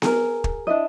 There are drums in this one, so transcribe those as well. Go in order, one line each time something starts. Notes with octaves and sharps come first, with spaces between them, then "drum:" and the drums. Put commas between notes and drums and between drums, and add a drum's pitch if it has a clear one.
G#4 A#4, drum: snare B3
drum: kick
D4 E4 D#5